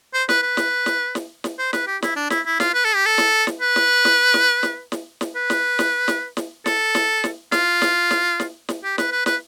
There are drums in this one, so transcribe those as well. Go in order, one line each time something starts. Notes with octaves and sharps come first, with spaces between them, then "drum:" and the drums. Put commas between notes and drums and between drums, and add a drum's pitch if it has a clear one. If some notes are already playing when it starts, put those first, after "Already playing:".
C5
B4, drum: snare
B4
drum: snare
drum: snare
drum: snare
drum: snare
C5
B4, drum: snare
G4
E4, drum: snare
D4
E4, drum: snare
E4
F4, drum: snare
B4
A4
G4
A4
drum: snare
drum: snare
B4
drum: snare
drum: snare
drum: snare
drum: snare
drum: snare
drum: snare
B4
drum: snare
drum: snare
drum: snare
drum: snare
A4, drum: snare
drum: snare
drum: snare
F4, drum: snare
drum: snare
drum: snare
drum: snare
drum: snare
G4
B4, drum: snare
B4
B4, drum: snare